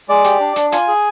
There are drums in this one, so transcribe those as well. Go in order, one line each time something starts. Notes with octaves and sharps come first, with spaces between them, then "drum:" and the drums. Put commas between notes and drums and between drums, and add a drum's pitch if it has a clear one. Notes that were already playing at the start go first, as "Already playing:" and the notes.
G#3 D5
G4, drum: hi-hat
D4
D4, drum: hi-hat
F4 G#5, drum: hi-hat
G#4